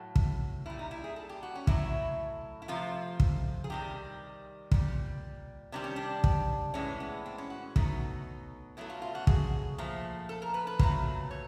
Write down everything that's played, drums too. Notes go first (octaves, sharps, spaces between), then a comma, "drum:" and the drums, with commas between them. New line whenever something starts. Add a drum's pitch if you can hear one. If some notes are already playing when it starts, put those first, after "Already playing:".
Already playing: A2 F#3 A3
drum: kick
A#2 G3 E4
D#4
E4
G#4
A4
G4
F#4
C#4
A2 F#3 A3 E4, drum: kick
E4
C3 F3 A3 F4
drum: kick
G#4
C3 D#3 G3 G4
A#2 G3, drum: kick
C3 D#3 G3 D4
C#4
D4
drum: kick
A2 E3 G#3 C#4
B3
C4
C#4
F#4
B2 F#3 A3 D#4, drum: kick
B2 F#3 A3 E4
F4
F4
F#4
G#4, drum: kick
A#2 F3 A3
A4
A#4
B4
B4
A#2 F#3 A3, drum: kick
C#5